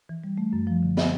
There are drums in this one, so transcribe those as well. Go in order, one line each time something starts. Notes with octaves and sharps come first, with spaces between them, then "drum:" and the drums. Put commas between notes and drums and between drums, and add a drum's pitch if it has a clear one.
E3
G3
A3
F#2
F3
D3
B3 E5, drum: snare